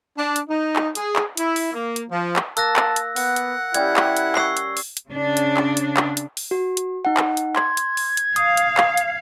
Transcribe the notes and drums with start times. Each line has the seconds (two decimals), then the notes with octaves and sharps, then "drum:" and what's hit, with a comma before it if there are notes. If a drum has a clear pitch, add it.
0.17 D4
0.36 drum: hi-hat
0.49 D#4
0.76 drum: clap
0.95 G#4, drum: hi-hat
1.16 drum: clap
1.37 E4, drum: hi-hat
1.56 drum: open hi-hat
1.73 A#3
1.96 drum: hi-hat
2.10 F3
2.36 drum: clap
2.57 A#3 A5 E6 F#6 A#6, drum: hi-hat
2.76 drum: clap
2.96 drum: hi-hat
3.16 B3 F#5, drum: open hi-hat
3.36 drum: hi-hat
3.74 G3 C#4 E4 G4 G#6, drum: hi-hat
3.97 drum: clap
4.17 drum: hi-hat
4.35 C#6 E6 C7, drum: clap
4.57 drum: hi-hat
4.77 drum: open hi-hat
4.97 drum: hi-hat
5.09 C#3 D4
5.37 drum: hi-hat
5.57 drum: clap
5.77 drum: hi-hat
5.97 drum: clap
6.17 drum: hi-hat
6.37 drum: open hi-hat
6.51 F#4
6.77 drum: hi-hat
7.05 D#4 F#5
7.17 drum: clap
7.37 drum: hi-hat
7.56 C6 G#6, drum: clap
7.77 drum: hi-hat
7.97 drum: open hi-hat
8.17 drum: hi-hat
8.36 F5 D#6, drum: hi-hat
8.57 drum: hi-hat
8.77 drum: clap
8.97 drum: hi-hat